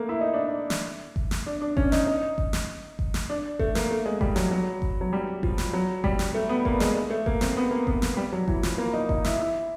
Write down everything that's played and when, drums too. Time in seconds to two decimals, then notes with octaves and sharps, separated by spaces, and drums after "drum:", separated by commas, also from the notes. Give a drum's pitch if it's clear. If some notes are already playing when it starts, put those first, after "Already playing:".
Already playing: A3 A#3
0.09 E4
0.21 D#4
0.34 D4
0.47 D#4
0.70 drum: snare
1.16 drum: kick G1
1.31 drum: snare
1.46 D4
1.61 D4
1.77 C#4, drum: kick G1
1.92 D#4, drum: snare
2.07 D#4
2.38 drum: kick G1
2.53 drum: snare
2.99 drum: kick G1
3.14 drum: snare
3.30 D4
3.59 A3, drum: kick G1
3.75 A#3, drum: snare
3.91 A3
4.06 G#3
4.21 G3, drum: kick G1
4.36 F#3, drum: snare
4.51 F#3
4.82 drum: kick G1
5.01 F#3
5.13 G3
5.43 F3, drum: kick G1
5.58 drum: snare
5.73 F#3
6.04 G3, drum: kick G1
6.19 drum: snare
6.35 A3
6.49 B3
6.65 A#3, drum: kick G1
6.80 G#3, drum: snare
6.95 G#3
7.11 A3
7.26 A#3, drum: kick G1
7.41 C4, drum: snare
7.57 B3
7.71 A#3
7.87 B3, drum: kick G1
8.02 drum: snare
8.17 G3
8.32 F#3
8.48 E3, drum: kick G1
8.63 F3, drum: snare
8.78 A#3
8.94 D#4
9.09 D#4, drum: kick G1
9.25 E4, drum: snare
9.40 E4